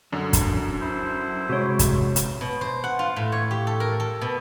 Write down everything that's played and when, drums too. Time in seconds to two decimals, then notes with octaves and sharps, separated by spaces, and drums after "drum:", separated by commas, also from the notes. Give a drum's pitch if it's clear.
0.12 F#2 D3 F#3 C#4 D4
0.33 drum: kick, hi-hat
0.81 E4 C5
1.49 C3 G#3 F#4 C#5
1.79 drum: kick, hi-hat
2.16 drum: hi-hat
2.41 B2
2.61 C5
2.84 F#5
2.99 F4
3.16 A2
3.32 C#5
3.51 G4
3.67 A4
3.80 A#4
4.00 A4
4.21 B2